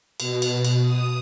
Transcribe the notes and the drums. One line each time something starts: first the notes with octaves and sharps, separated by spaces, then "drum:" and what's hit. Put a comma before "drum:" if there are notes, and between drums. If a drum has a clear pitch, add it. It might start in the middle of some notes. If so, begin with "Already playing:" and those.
B2, drum: cymbal
drum: cymbal
drum: cymbal
D#6